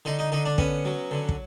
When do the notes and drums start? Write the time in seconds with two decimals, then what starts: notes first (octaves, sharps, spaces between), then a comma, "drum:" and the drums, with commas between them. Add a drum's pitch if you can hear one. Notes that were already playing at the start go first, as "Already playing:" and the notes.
0.05 D3 D#4
0.19 D#4
0.32 D3 D#4
0.45 D4
0.58 B3 C#4, drum: kick
0.85 F#3
1.11 D3
1.29 drum: kick